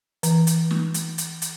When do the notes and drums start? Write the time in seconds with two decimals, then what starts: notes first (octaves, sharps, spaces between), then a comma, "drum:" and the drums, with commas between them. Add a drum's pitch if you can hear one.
0.23 E3, drum: hi-hat
0.47 drum: hi-hat
0.71 drum: snare
0.94 drum: hi-hat
1.18 drum: hi-hat
1.42 drum: hi-hat